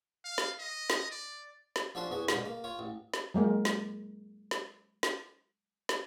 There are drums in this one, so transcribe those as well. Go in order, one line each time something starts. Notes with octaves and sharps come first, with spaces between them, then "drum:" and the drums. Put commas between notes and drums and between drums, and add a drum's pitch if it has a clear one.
F5
drum: snare
D#5
drum: snare
D5
drum: snare
F3 C#4 D4 F#4 A4 C6
E2 B3 F#4 G#4
B2 D3 G#3 C#4, drum: snare
A#3
F4 C#5
A1
drum: snare
F#3 G#3 A#3 A#4
drum: snare
drum: snare
drum: snare
drum: snare